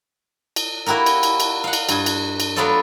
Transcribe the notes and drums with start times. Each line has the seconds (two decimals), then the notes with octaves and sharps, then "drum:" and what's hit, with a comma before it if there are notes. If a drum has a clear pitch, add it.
0.56 drum: cymbal
0.86 A#3 E4 F#4 G4 A#4
1.06 drum: cymbal
1.23 drum: cymbal
1.40 drum: cymbal
1.64 F5 F#5
1.73 drum: cymbal
1.89 G2 G#5, drum: cymbal
2.06 drum: cymbal
2.40 drum: cymbal
2.56 F#3 A3 B3 F4 A4 D5